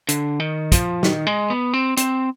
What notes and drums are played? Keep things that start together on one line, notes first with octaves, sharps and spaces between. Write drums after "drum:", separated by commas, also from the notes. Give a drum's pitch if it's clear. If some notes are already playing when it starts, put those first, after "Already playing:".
D3, drum: hi-hat
D#3
F3, drum: kick, hi-hat
D#3, drum: snare
G#3
B3
C4
C4, drum: hi-hat